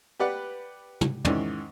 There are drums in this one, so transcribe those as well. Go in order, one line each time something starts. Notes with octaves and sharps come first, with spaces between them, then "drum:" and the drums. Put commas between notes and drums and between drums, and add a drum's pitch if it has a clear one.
G4 B4 D5 F#5
drum: tom
G#2 D#3 E3 C#4 D5, drum: tom